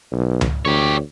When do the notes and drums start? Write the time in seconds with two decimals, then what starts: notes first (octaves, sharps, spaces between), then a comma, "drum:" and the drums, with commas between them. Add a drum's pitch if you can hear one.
0.12 B1
0.41 drum: tom C#2
0.65 D2 G4 C#5